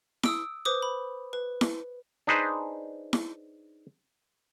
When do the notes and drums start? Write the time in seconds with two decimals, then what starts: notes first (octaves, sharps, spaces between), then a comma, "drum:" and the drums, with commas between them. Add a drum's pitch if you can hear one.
0.23 D#6 E6 D7, drum: snare E4
0.65 B4 C5 D6 D#6
0.82 B5
1.33 B4
1.61 drum: snare E4
2.27 D4 D#4 G#4 B4 C5
3.13 drum: snare E4